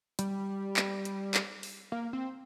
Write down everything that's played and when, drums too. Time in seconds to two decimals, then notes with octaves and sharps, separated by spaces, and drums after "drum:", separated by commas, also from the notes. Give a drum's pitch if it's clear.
0.19 G3, drum: hi-hat
0.77 drum: clap
1.05 drum: hi-hat
1.34 drum: clap
1.63 drum: open hi-hat
1.92 A#3
2.13 C4